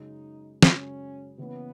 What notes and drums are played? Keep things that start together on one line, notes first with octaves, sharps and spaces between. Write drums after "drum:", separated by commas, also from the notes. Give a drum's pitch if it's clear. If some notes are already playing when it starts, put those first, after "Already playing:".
Already playing: F#2 C#3 G#3 D#4
F#2 C#3 G#3 C#4, drum: snare
C#3 E3 A#3 B3 C#4